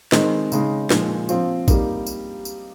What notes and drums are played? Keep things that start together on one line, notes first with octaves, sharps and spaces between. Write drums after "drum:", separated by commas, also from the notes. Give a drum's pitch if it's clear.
D#3 G#3 C4 D#4, drum: snare
C#3 G#3 D#4, drum: tambourine
A#2 F3 G#3 D#4, drum: snare
F3 C4 F4, drum: tambourine
G3 A#3 D#4, drum: kick A#1, tambourine
drum: tambourine
drum: tambourine